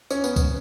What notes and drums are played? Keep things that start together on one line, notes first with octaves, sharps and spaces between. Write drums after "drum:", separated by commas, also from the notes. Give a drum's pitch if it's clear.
C#4, drum: tambourine
B3, drum: tambourine
drum: kick C2, tambourine